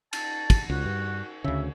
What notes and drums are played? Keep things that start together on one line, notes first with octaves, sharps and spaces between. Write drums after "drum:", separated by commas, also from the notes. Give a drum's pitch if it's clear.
A5, drum: cymbal
drum: kick, cymbal
C#2 F#4
G2
D2 C#3 E5